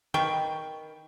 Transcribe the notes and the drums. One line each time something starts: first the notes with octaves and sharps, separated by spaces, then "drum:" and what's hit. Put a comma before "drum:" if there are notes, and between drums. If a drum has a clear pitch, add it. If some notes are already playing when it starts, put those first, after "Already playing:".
D#3 B4 G5 C#6, drum: tom D#3